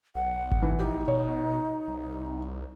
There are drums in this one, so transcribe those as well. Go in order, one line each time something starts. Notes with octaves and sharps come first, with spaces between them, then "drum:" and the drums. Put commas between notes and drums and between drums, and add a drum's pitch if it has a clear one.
B1 F#5
drum: kick G#1
E3
A#1 D#4 E4 G4
B2 C#5
C2